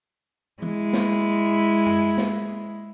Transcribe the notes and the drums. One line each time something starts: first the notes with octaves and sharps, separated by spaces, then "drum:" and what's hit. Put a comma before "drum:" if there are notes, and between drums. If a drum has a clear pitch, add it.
G#3 E4, drum: tom E3
drum: snare
drum: tom F#2
drum: snare